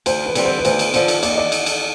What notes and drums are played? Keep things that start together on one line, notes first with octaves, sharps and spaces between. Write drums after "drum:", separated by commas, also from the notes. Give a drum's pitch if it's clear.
D2 C5, drum: cymbal
B4
D3 G3 C4, drum: cymbal
C5
B4
D2 C5, drum: cymbal
drum: cymbal
D3 F3 C5, drum: cymbal
drum: cymbal
D#2 D5, drum: cymbal
D#5
D5
drum: cymbal
drum: cymbal